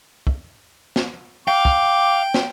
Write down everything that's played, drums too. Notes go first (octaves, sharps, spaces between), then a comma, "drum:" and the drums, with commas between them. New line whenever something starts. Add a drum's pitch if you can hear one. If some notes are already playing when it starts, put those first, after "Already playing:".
drum: kick
drum: snare
F5 G5 D6
drum: kick
drum: snare